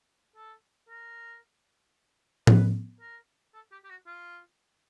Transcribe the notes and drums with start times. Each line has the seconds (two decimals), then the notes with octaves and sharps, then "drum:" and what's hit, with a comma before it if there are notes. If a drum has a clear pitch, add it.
0.36 A4
0.89 A#4
2.47 B4, drum: tom A2
3.00 A#4
3.54 A4
3.71 G4
3.84 G4
3.90 F#4
4.06 F4